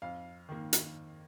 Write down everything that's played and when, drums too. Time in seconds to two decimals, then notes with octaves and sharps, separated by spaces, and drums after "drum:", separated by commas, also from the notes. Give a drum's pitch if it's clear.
0.02 F2 F5
0.49 D#3 A#3
0.73 drum: hi-hat